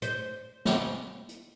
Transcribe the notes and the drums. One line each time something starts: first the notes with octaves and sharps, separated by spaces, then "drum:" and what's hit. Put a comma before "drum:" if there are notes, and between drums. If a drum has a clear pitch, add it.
C5, drum: hi-hat
drum: snare
drum: hi-hat